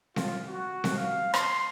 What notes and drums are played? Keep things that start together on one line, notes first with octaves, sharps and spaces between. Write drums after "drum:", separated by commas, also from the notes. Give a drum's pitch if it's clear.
F4, drum: snare C4
F#4
drum: snare C4
F5
C6, drum: rim click